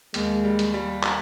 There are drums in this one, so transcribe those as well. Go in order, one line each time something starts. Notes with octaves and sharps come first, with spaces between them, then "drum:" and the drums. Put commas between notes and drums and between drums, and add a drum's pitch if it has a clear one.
D#2 G#3, drum: hi-hat
G3
drum: hi-hat
G3
drum: clap